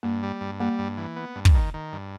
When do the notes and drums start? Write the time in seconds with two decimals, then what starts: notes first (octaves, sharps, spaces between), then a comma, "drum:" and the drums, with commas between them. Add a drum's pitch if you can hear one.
0.03 G2 A#3
0.23 G3
0.41 G2
0.60 G3 A#3
0.79 G2
0.97 E3
1.16 B3
1.36 G2
1.45 drum: kick
1.54 D#3
1.74 D#3
1.93 G2